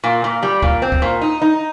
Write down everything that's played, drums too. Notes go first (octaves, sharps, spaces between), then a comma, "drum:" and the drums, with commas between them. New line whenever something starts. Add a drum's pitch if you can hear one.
A#2
A#2
G3
A#2, drum: kick
C4
drum: kick
A#2
D#4
D#4